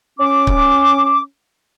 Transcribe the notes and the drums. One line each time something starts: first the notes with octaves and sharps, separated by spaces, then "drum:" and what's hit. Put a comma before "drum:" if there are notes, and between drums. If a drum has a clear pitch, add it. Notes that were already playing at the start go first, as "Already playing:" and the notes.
C#4 D6
drum: kick C#1